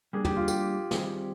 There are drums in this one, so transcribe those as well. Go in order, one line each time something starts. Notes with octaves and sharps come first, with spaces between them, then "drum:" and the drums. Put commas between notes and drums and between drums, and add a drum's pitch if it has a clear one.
G3 A#3 D4 G#4
G4, drum: tom
F4
G4, drum: tambourine
D#3 G3 C4 G4 G#4 C5, drum: snare